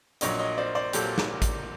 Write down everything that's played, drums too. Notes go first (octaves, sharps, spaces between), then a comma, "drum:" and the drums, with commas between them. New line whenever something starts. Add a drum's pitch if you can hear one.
A#1 A#2 F#3 C#5 D#5, drum: hi-hat
C#5 D#5
C5 D5
C5 D5
A#2 F#3 G4 A4, drum: hi-hat
drum: snare
drum: kick, hi-hat